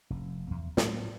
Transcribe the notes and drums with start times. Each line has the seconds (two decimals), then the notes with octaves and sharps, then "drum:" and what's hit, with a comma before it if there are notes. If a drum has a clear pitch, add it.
0.10 F1
0.50 E2
0.77 A2 F#3 A#3, drum: snare